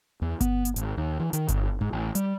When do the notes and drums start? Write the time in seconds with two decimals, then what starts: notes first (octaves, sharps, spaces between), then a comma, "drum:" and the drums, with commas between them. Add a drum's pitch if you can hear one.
0.22 E2
0.41 B3, drum: kick G1, hi-hat
0.65 drum: hi-hat
0.76 G#1, drum: hi-hat
0.97 D#2
1.19 E3
1.33 D#3, drum: hi-hat
1.48 G1, drum: kick G1, hi-hat
1.81 G#2
1.92 A1
2.15 G3, drum: hi-hat